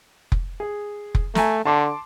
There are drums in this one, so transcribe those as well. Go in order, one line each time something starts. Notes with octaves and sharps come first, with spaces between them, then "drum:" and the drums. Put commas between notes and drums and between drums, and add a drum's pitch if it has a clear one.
drum: kick F1
G#4
drum: kick F1
A3 G#5 A#5, drum: snare
D3 A5 C6 D6